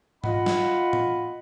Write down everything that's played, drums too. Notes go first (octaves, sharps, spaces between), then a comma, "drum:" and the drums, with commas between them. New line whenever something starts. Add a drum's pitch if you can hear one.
F4 D#5 F#5 B5, drum: tom G#2
drum: snare
drum: tom A2